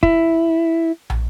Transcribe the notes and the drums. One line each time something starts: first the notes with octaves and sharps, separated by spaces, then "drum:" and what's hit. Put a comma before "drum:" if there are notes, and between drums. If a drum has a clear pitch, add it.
E4, drum: kick
drum: tom